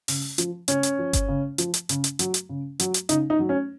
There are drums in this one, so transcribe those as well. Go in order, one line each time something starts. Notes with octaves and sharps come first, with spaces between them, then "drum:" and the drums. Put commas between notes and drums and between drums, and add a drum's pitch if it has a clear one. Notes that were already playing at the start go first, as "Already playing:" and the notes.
C#3, drum: open hi-hat
F3, drum: hi-hat
C#3 C#4, drum: hi-hat
drum: hi-hat
F3
drum: kick G1, hi-hat
C#3
F3, drum: hi-hat
drum: hi-hat
C#3, drum: hi-hat
drum: hi-hat
F#3, drum: hi-hat
drum: hi-hat
C#3
F#3, drum: hi-hat
drum: hi-hat
C#3 D#4, drum: hi-hat
D#4
F#3
C#4